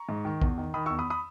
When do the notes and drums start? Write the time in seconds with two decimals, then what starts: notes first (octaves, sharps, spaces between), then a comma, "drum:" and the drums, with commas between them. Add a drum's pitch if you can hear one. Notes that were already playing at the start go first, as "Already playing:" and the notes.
Already playing: A#5 C#6
0.09 G#2
0.25 D#3
0.42 E2, drum: kick A#1
0.58 D#3
0.74 D#3 B5 D#6
0.86 C#6 E6
0.90 E2
0.99 B5 D#6
1.10 B5 D#6